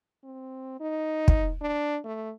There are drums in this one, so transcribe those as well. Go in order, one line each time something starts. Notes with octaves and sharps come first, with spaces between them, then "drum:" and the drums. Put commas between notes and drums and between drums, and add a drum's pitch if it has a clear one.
C4
D#4
drum: kick
D4
A3